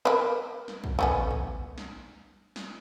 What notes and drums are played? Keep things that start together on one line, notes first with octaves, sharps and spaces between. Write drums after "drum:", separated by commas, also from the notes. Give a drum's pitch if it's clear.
A#4 B4
drum: snare
drum: kick
A3 B3 C#4, drum: kick
drum: kick
drum: snare
drum: snare